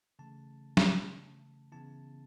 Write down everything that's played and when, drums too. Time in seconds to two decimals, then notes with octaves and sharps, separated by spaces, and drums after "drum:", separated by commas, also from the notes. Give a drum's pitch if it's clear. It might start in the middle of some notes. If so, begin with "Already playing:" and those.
0.19 C#3 E3 A3 A5
0.77 drum: snare
1.72 C#3 E3 B3 E4 A5